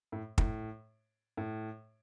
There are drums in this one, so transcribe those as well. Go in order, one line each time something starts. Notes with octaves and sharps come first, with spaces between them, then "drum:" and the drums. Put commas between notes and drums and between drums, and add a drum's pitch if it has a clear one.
A2
A2, drum: kick
A2